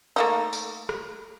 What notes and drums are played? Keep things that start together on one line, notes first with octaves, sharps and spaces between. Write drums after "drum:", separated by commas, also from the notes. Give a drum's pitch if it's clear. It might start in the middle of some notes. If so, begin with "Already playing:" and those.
A3 A#3 D#4
drum: tambourine
drum: rim click